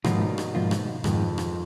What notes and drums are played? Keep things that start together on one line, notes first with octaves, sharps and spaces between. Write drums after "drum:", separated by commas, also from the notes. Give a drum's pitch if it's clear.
G#2 B2 D#3 F3 A#3 F4, drum: rim click
drum: rim click
G#2 F3 A#3 F4
drum: rim click
F2 G#2 D#3 G#3 B3, drum: rim click
drum: rim click